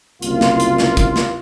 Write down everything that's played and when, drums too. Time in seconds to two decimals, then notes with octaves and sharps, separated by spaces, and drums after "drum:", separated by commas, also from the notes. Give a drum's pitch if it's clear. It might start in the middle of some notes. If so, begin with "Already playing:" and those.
0.22 F#1 C2 A#3 F4, drum: hi-hat
0.41 drum: snare
0.60 drum: hi-hat
0.78 drum: snare
0.97 drum: kick, hi-hat
1.16 drum: snare